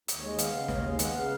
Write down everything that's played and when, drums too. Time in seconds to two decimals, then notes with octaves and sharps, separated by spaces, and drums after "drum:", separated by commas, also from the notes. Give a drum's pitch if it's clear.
0.08 D#2, drum: hi-hat
0.18 G#3 C#5
0.28 D#5
0.38 B3 F5, drum: hi-hat
0.54 C#3
0.68 D#2 C#5, drum: snare
0.78 D#5
0.84 G#3 F5
0.99 B3 F#5, drum: hi-hat
1.14 C#3 F5